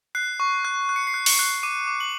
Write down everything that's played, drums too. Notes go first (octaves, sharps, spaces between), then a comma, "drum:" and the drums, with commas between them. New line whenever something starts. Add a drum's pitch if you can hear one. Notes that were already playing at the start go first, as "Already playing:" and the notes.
F#6 C7
C#6
F#6
F#6
C#7
C7
F#6
C#7, drum: open hi-hat
F#6
D6 D#7
D6
F#7